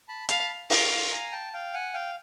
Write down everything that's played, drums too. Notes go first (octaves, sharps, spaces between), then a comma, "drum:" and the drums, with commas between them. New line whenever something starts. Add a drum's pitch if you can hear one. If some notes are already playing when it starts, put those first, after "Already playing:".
A5 B5
F5 A5 B5, drum: hi-hat
F5, drum: open hi-hat
G#5 A#5
G5 A5
F5 G5
F#5 G#5
F5 G5